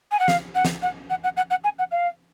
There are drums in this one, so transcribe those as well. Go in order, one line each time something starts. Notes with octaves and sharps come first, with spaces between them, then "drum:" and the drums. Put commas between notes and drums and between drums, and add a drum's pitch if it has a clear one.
G#5
F#5
F5, drum: snare
F#5
drum: snare
F#5
F#5
F#5
F#5
F#5
G#5
F#5
F5